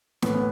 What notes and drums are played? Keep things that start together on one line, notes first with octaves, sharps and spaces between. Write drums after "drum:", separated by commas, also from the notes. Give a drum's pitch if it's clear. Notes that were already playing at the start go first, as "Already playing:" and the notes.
A2 E3 B3, drum: snare
B3